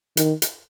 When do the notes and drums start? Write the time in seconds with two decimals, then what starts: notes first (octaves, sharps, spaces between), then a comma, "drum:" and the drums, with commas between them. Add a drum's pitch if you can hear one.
0.17 D#3, drum: hi-hat
0.42 drum: hi-hat